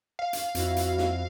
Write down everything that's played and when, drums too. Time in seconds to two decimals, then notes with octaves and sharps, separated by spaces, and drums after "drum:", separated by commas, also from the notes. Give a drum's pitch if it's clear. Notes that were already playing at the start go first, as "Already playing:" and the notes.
0.19 F5
0.33 drum: hi-hat
0.55 F2 E4 F#4, drum: hi-hat
0.76 drum: hi-hat
0.98 drum: snare